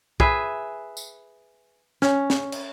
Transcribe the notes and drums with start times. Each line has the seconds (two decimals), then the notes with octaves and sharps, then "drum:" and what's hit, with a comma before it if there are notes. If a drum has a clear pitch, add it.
0.20 G#4 B4 E5, drum: kick
0.97 drum: tambourine
2.02 C#4, drum: snare
2.30 drum: snare
2.52 drum: cymbal